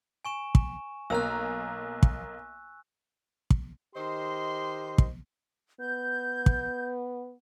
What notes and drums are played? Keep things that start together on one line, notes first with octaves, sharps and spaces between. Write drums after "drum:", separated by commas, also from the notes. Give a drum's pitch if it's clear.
G#5 C#6 E7
drum: kick
B1 A#3 A#5 E6 F#6
drum: kick
drum: kick
D#3 G4 C5 D#5 C6
drum: kick
B3 G6
drum: kick